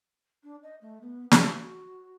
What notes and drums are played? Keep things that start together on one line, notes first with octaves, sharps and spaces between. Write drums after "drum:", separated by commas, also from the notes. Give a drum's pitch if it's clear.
D4
D#5
A3
B3
F#4, drum: snare
F#4